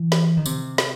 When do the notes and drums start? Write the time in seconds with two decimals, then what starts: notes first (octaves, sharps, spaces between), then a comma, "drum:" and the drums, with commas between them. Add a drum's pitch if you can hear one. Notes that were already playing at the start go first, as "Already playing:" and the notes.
Already playing: E3
0.12 drum: snare
0.37 D#3
0.46 C3, drum: tambourine
0.78 drum: snare